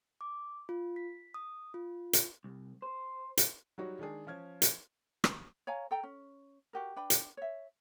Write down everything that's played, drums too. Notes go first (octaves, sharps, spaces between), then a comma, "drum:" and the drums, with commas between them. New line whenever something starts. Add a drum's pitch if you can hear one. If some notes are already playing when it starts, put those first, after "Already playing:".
D6
F4
B6
D#6
F4
drum: hi-hat
C2
C5
drum: hi-hat
F#3 G3 D#4 F#4 C#5
D#3 G#3 D4 G#4
F3 C#4 F6 G#6
drum: hi-hat
drum: rim click
C#5 F5 G#5 A#5
A4 G5 A#5
C#4
F#4 G4 A#4
D4 B4 G5 B5
drum: hi-hat
C#5 E5